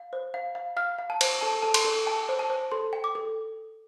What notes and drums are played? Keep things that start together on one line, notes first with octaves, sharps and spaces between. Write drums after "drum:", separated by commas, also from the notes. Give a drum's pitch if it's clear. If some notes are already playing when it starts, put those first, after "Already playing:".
Already playing: F5
C5
F5
F5
F5 F6
F5
A5
C5, drum: cymbal
A4 A5
A4 A5
C6, drum: cymbal
A4
G5 A5
C5
A5
C5
A4 C6
G5
D6
A4